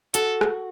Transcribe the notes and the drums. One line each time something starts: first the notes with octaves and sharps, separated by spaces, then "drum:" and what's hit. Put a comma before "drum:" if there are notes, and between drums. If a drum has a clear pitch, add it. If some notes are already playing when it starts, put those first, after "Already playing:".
F#4 A4, drum: hi-hat
drum: rim click